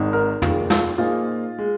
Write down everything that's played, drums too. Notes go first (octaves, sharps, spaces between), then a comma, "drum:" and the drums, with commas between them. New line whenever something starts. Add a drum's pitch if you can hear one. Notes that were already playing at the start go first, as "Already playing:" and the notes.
Already playing: G#1 G#2 D#3 C4 D#4
A#4
F1 D#2 D#3 G#3 F4, drum: tom
F4, drum: snare
A#2 A#3 D#4 F4 G#4 C5
G#3